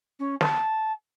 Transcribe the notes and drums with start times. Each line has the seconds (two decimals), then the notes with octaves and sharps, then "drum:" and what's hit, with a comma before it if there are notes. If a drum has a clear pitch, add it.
0.19 C#4
0.41 A5, drum: snare